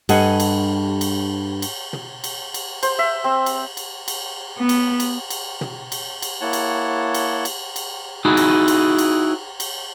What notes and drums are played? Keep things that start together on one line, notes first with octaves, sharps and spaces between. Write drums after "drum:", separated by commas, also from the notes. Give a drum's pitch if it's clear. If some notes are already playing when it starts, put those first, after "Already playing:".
G2 A4 D#5 F#5 G#5, drum: cymbal
drum: cymbal
drum: cymbal
drum: cymbal
drum: tom
drum: cymbal
drum: cymbal
C5, drum: cymbal
E5
C4
drum: cymbal
drum: cymbal
drum: cymbal
B3
drum: cymbal
drum: cymbal
drum: cymbal
drum: tom
drum: cymbal
drum: cymbal
A#3 E4 C#5 F#5 A5
drum: cymbal
drum: cymbal
drum: cymbal
drum: cymbal
D#4 E4 F#4 G#4
drum: cymbal
drum: cymbal
drum: cymbal
drum: cymbal